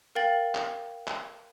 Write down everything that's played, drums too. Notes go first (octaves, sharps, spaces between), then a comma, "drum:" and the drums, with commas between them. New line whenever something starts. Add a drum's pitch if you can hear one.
A#4 F5 G5 A6 F#7
drum: clap
drum: clap